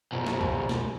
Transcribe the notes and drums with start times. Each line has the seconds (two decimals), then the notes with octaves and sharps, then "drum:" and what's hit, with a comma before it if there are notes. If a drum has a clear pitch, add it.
0.12 B1 F#2
0.27 drum: snare
0.41 drum: kick
0.69 drum: snare